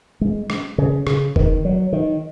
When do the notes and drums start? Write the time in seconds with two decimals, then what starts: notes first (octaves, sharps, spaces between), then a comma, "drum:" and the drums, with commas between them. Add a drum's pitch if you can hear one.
0.21 G#3
0.50 drum: rim click
0.78 C#3
1.07 C#3, drum: rim click
1.36 D#3, drum: kick E1
1.65 F#3
1.93 D#3